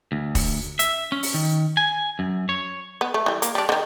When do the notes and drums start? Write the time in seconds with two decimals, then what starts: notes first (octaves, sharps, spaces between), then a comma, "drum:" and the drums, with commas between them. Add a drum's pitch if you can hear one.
0.12 D2
0.35 drum: kick, open hi-hat
0.79 E5, drum: hi-hat
1.12 C#4
1.23 drum: open hi-hat
1.34 D#3
1.77 G#5
2.19 F#2
2.49 C#5
3.01 B3
3.14 A3
3.26 E3 G3
3.42 A#3, drum: hi-hat
3.55 G3 D4
3.69 D3 D#3